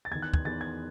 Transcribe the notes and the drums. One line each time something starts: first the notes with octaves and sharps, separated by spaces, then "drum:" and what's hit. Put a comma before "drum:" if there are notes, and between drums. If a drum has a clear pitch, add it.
A6
E2 D#3 G#6
F#6
G#6, drum: kick
E2 D#3 A6
G#6